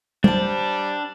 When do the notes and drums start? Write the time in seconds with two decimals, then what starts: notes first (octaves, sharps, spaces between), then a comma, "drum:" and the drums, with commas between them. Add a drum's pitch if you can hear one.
0.24 G3 D4 C5 A5, drum: tom